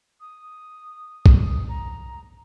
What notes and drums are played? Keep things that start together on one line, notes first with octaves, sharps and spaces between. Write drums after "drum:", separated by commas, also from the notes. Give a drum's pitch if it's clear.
D#6
drum: kick
D#6
A#5